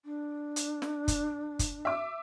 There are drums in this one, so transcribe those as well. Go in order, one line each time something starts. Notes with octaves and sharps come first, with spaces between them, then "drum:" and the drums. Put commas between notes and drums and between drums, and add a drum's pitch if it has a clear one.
D4
drum: hi-hat
drum: snare
drum: kick, hi-hat
drum: kick, hi-hat
E5 D6